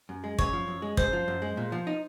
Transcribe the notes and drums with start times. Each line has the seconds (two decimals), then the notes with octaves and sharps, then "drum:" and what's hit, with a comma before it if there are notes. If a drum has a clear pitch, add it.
0.09 F#2
0.24 G#3
0.39 F#2 C#5, drum: kick
0.53 F3
0.68 F#2
0.82 G#3
0.97 F#2 C5, drum: kick
1.13 F3
1.28 F#2
1.42 G#3
1.57 A#2
1.72 F3
1.87 D#4